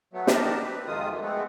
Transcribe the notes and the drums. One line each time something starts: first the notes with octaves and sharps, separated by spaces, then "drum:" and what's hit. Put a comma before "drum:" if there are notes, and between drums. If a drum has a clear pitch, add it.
F#3 A3 B3
D4 D#4 G4 A#4 A5, drum: snare
C4 B4
F2 C3 D#3 G#3 F4 D#6
F#2 B2 E3
G#3 A3 B3 C4